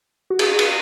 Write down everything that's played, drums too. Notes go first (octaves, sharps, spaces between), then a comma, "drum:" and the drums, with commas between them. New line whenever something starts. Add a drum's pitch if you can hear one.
F#4
G#4, drum: cymbal
drum: cymbal